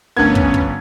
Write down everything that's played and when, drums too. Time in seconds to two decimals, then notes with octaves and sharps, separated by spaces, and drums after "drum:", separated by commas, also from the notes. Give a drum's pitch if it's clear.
0.17 G1 A3 B3 C#4 D4 A#4 G#6
0.35 drum: kick
0.54 drum: kick